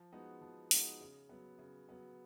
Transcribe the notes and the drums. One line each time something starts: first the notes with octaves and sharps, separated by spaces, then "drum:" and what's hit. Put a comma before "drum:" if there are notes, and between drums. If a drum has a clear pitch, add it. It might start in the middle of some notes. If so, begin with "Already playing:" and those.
Already playing: F3
G#3 B3 D#4 F#4
F3
G#3 B3 D#4 F#4, drum: open hi-hat
C#3
F#3 B3
C#3
F#3 B3